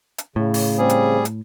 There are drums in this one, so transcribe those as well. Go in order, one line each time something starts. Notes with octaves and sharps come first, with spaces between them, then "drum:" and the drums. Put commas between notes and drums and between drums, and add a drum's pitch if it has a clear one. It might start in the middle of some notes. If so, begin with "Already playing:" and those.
drum: hi-hat
A2 C#3
drum: open hi-hat
G3 C4 G#4
drum: hi-hat
drum: hi-hat